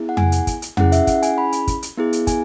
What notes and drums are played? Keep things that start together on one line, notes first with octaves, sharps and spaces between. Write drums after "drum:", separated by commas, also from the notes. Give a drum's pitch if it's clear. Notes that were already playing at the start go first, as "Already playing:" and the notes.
Already playing: B3 E4 G#4
F#5
G#5, drum: tom F2
drum: hi-hat
drum: kick, hi-hat
drum: hi-hat
C#4 E4 G#4 F#5, drum: tom F2
E5, drum: hi-hat
F#5, drum: kick, hi-hat
G#5, drum: hi-hat
B5
drum: hi-hat
drum: kick, hi-hat
drum: hi-hat
B3 E4 G#4
drum: hi-hat
G#5, drum: kick, hi-hat